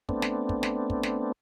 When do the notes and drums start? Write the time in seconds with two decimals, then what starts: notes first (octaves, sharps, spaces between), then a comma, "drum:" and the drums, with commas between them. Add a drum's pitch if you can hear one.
0.09 A3 B3 C4 D4, drum: kick
0.22 drum: snare
0.49 drum: kick
0.63 drum: snare
0.90 drum: kick
1.03 drum: snare